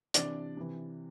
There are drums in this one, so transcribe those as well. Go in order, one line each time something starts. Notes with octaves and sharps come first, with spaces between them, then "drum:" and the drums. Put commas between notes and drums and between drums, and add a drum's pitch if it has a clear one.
C3 E3 D4 D5, drum: hi-hat
C3 E3